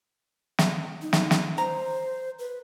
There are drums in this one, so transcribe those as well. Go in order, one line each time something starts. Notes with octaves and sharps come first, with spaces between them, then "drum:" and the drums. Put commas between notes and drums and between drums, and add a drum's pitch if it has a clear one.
drum: snare
D#4
drum: snare
drum: snare
C5 A#5
B4